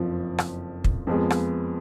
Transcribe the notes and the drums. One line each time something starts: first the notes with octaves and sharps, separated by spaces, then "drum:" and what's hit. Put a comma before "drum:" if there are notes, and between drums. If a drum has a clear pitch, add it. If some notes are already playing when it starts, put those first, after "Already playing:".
Already playing: F#1 F2 F3
drum: rim click
drum: kick
F2 F3 G#3 B3
drum: rim click